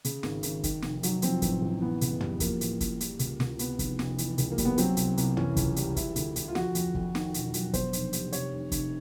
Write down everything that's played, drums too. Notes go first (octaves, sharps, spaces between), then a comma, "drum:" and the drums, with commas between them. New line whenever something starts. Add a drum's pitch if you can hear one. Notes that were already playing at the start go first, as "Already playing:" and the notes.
C#3, drum: hi-hat
G#1, drum: snare
G#1, drum: hi-hat
D#3, drum: kick, hi-hat
F1, drum: snare
F#3, drum: hi-hat
F3 C4, drum: hi-hat
A1, drum: kick, hi-hat
A1
E3 B3
C#2, drum: hi-hat
G3, drum: tom
F3 A#3, drum: kick, hi-hat
A1, drum: hi-hat
A1, drum: kick, hi-hat
G3, drum: hi-hat
C#2, drum: hi-hat
C#2, drum: snare
C3 B3, drum: hi-hat
F1, drum: kick, hi-hat
F1, drum: snare
E3, drum: hi-hat
C#2, drum: hi-hat
A#3
G3, drum: kick, hi-hat
B3
F#3 C4, drum: hi-hat
C2, drum: hi-hat
C2, drum: hi-hat
E3 C#4, drum: tom
C#2, drum: kick, hi-hat
G3, drum: hi-hat
E3 E4, drum: kick, hi-hat
D2, drum: hi-hat
D2, drum: hi-hat
F4
F3 F#4, drum: snare
F2, drum: hi-hat
F2, drum: kick
D#3, drum: snare
E1, drum: hi-hat
F#3, drum: hi-hat
B2 C5, drum: kick, hi-hat
F1, drum: hi-hat
G3, drum: hi-hat
C3 C#5, drum: hi-hat
F1
F1, drum: kick, hi-hat